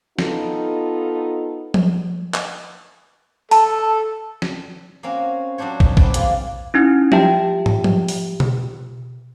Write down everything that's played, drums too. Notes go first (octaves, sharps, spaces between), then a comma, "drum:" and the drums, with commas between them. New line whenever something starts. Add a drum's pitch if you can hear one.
B3 D#4 F4 A4, drum: snare
drum: tom F3
drum: clap
A4 A5, drum: open hi-hat
drum: snare
A#3 C4 C#4 F#4
F#3 G3 D4 C5 C#5
E2, drum: kick
C4 G4 B4 D5, drum: kick
G#3 A#3 F4 D5, drum: hi-hat
C#4 D#4 E4
F4 G4 E5 G5 A5, drum: tom F3
drum: tom
drum: tom F3
drum: open hi-hat
drum: tom B2